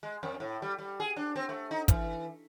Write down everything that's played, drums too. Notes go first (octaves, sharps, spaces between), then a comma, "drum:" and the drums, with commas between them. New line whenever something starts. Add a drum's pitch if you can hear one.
G#3
F2
A2
G3
G3
G#4
D4
C4
A3
D#4
E3, drum: kick, hi-hat